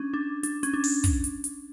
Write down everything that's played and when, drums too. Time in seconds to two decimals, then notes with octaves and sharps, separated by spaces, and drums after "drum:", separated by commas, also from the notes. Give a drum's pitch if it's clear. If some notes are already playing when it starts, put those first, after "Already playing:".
Already playing: C#4 D4
0.14 D4
0.43 D4, drum: hi-hat
0.63 C#4, drum: hi-hat
0.74 D4
0.84 drum: open hi-hat
1.04 drum: kick, hi-hat
1.24 drum: hi-hat
1.44 drum: hi-hat